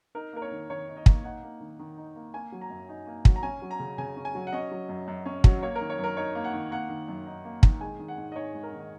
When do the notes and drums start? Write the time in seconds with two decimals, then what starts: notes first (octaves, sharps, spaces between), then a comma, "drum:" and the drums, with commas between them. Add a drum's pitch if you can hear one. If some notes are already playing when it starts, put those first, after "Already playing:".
0.15 D#4 A#4
0.33 A#3 A#4
0.42 C#5
0.51 D#3
0.70 D#3 C#5
0.88 D#4
0.97 D#5
1.06 A#3, drum: kick
1.24 D#4 F#5
1.43 A#3
1.60 D#3
1.79 D#3
1.98 D#4
2.16 A#3
2.34 A#3 G#5
2.52 F#3
2.61 A#5
2.70 F#2
2.89 D#4
3.07 A#3
3.25 F#3, drum: kick
3.36 A#5
3.43 C#4 G#5
3.62 F#3
3.71 A#5
3.79 C#3
3.98 C#3 G#5
4.16 C#4
4.25 G#5
4.35 F#3
4.47 F#5
4.53 C#4 D#5
4.71 F#3
4.89 F#2
5.08 F#2
5.26 C#4
5.44 F#3, drum: kick
5.62 A#3 C#5
5.75 A#4
5.81 D#3
5.90 C#5
5.98 F#2
6.04 A#4
6.17 D#4 C#5
6.35 A#3
6.44 F#5
6.53 D#3
6.71 A#3 F#5
6.89 D#3
7.08 F#2
7.26 D#4
7.45 A#3
7.63 D#3, drum: kick
7.81 G#3 G#5
7.99 D#3
8.08 F#5
8.18 G#2
8.32 D#5
8.36 G#2 C#5
8.54 G#3
8.63 A#4
8.73 D#3
8.80 D#5